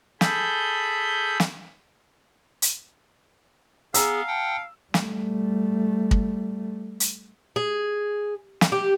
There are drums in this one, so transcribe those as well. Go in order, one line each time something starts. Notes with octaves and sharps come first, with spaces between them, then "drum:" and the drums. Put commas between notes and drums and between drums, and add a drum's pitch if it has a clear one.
G#4 A4 B5 G6, drum: snare
drum: snare
drum: hi-hat
B3 G#4 F5 G#5 A#5 E6, drum: hi-hat
F#5 G5 A5
G3 A3, drum: snare
drum: kick
drum: hi-hat
G#4
drum: snare
G4